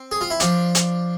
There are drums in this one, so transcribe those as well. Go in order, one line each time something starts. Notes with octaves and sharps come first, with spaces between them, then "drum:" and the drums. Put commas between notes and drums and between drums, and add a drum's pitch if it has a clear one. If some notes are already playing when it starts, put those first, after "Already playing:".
Already playing: C4
G#4
F4
E4
F3 D4, drum: hi-hat
drum: hi-hat